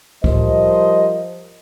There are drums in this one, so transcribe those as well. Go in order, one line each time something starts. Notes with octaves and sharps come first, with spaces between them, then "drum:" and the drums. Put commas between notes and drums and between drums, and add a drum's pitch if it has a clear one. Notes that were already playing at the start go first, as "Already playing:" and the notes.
F3 G3 A#4 C5 D#5, drum: kick C#2